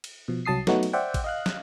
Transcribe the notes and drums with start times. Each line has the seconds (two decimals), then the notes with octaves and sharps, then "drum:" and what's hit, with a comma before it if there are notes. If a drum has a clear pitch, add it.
0.04 drum: cymbal
0.28 B2 F3
0.45 C2 F#3 A5 D#6 C7
0.67 F#3 A3 B3 D#4 F#4, drum: snare
0.83 drum: cymbal
0.93 C5 D5 E5 F#5 G5
1.14 drum: kick A1, cymbal
1.24 D#5 F5 F#6
1.46 drum: snare